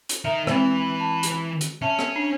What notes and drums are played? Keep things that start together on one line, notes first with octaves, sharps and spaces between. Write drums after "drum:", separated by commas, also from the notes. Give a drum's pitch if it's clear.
drum: hi-hat
D#4 A#4 E5
E3 G#3 C4 B4, drum: rim click
A5
drum: hi-hat
drum: hi-hat
C#4 E5 A5
drum: rim click
D4